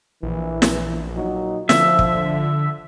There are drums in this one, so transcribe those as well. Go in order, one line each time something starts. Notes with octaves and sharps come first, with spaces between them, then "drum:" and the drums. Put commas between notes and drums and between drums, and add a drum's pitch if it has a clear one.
A#1 E3
drum: snare
A#2 F#3 D#4
D3 F3 E5, drum: snare
drum: kick